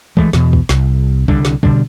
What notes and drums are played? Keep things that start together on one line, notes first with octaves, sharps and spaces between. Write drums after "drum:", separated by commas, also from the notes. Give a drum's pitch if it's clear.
E3 G#3 A3, drum: kick
E2 B2, drum: snare
drum: kick
C2, drum: snare
C2 D3 G3 D4, drum: kick
drum: snare
B2 D3 G3 D4, drum: kick